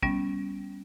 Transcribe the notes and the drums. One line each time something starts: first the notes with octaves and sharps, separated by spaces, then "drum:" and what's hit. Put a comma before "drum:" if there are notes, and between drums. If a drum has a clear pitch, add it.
G3 B3 C#4, drum: kick